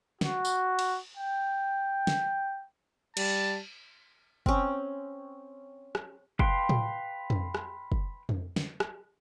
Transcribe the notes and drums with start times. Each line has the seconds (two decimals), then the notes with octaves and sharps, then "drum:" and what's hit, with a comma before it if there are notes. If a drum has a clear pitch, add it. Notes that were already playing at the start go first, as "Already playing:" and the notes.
0.21 F#4, drum: snare
0.45 drum: tambourine
0.79 drum: cymbal
1.17 G5
2.07 drum: snare
3.17 G3 A5, drum: cymbal
4.46 C4 C#4, drum: kick
5.95 drum: rim click
6.39 B4 F5 G5 C6, drum: kick
6.69 drum: tom A2
7.30 drum: tom F2
7.55 drum: rim click
7.92 drum: kick
8.29 drum: tom F2
8.56 drum: snare
8.80 drum: rim click